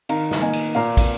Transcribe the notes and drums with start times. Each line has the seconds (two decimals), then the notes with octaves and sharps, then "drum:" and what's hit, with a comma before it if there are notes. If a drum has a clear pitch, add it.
0.09 D#3 F5 A#5, drum: cymbal
0.31 drum: snare
0.42 A#3 D#5 G#5
0.53 drum: cymbal
0.75 A#2 F5 A#5
0.97 drum: kick, cymbal